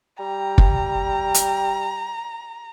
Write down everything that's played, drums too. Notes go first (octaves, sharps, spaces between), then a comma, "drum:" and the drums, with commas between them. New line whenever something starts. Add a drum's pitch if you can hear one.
G3 G5 A#5
drum: kick
drum: hi-hat